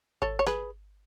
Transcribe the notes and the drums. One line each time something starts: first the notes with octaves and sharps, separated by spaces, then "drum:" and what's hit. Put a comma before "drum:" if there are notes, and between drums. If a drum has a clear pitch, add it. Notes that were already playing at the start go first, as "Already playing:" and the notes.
A4 C#5, drum: kick G#1
C#5
G#4 B4, drum: snare